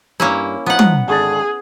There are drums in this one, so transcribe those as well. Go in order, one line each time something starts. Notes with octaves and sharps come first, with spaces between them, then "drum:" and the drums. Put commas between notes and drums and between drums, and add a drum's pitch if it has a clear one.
G2 A#3 C#4 E4
F3 B3 D#4 F#5
drum: tom
G#1 D3 G#4 A5